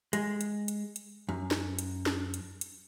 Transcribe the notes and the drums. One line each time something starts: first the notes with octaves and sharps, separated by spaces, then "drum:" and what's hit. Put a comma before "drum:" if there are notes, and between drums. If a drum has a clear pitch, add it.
G#3, drum: hi-hat
drum: hi-hat
drum: hi-hat
drum: hi-hat
F#2
drum: snare
drum: hi-hat
drum: snare
drum: hi-hat
drum: hi-hat